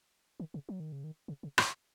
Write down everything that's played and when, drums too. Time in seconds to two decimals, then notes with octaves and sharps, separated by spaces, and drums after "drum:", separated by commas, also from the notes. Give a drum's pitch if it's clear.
0.40 D#3
0.54 C#3
0.69 F#3
0.80 D#3
0.92 C#3
1.04 D#3
1.28 C#3
1.43 C#3
1.58 G#2, drum: rim click